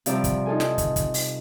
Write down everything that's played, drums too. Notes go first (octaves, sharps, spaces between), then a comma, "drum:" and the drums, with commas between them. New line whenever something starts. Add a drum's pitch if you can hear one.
C3 F3 G3 D5 A#5 E6, drum: hi-hat
drum: kick, hi-hat
D#4 F4 A4 G#5
drum: snare
drum: kick, hi-hat
drum: kick, hi-hat
drum: open hi-hat